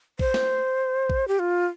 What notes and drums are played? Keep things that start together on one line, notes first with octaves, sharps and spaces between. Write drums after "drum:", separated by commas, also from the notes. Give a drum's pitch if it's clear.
C5, drum: kick A#1
drum: snare
drum: kick A#1
G4
F4